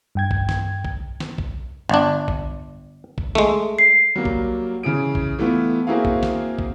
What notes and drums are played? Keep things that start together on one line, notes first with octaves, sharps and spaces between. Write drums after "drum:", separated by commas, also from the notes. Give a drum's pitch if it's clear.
G2 G5 G#6
drum: kick
drum: snare
drum: kick
drum: snare
drum: kick
G1 D4
drum: kick
drum: kick
G#3 A3, drum: snare
C7
F#3 G3 A#3
drum: kick
C#3 E3 G#4 D7
drum: kick
E3 A3 B3 F4
A#3 C4 E4 F#4 G#4 F5
drum: kick
drum: snare
drum: kick